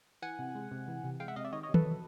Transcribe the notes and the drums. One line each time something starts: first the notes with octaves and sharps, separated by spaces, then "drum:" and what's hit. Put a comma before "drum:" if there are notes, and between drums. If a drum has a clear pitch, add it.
E3 F#5 G#5
C3
G#3
C3
E3
C3
G#3 F5 G5
E5 F#5
C3 D#5 F5
D5 E5
D#3 C#5 D#5
C#5 D#5
C3
A4 B4, drum: tom D#3
F#3